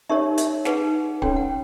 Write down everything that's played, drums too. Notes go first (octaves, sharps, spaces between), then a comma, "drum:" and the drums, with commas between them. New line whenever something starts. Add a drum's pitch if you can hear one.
D#4 G4 A#4 C#5 E5
E5, drum: hi-hat
D#4 G#4 B4 F#5, drum: snare
C#4 F#4 A4 C#5 G5, drum: kick
F#5